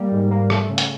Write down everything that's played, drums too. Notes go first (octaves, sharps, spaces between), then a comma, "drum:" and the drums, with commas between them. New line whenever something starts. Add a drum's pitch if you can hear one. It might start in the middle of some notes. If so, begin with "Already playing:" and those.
Already playing: G3 A#3
G#2
A#3
A3, drum: rim click
C#3
drum: hi-hat